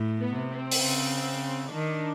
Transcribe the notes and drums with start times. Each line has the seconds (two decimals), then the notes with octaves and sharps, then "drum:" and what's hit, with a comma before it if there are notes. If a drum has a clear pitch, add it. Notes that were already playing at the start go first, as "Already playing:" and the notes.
Already playing: A2
0.20 B3
0.35 C3
0.50 C4
0.71 drum: open hi-hat
0.81 C#3
1.72 D#3 D4